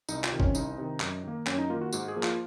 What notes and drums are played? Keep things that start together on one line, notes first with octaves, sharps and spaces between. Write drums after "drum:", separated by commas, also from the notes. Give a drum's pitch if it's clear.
C2 D#4, drum: tambourine
F4, drum: clap
C3 D#3
C#4, drum: kick
C2 D#4, drum: tambourine
C3 D#3
F#2, drum: clap
D#3 A#3
F#2 C#4, drum: clap
D#4
D#3 A#3 F4
F#4
G#2 F#4, drum: tambourine
G#4
F3 A#3
F4, drum: clap